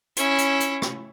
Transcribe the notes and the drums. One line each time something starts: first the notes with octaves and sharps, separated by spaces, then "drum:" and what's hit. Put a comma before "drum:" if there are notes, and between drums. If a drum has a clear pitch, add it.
C#4 E4, drum: hi-hat
drum: hi-hat
drum: hi-hat
drum: rim click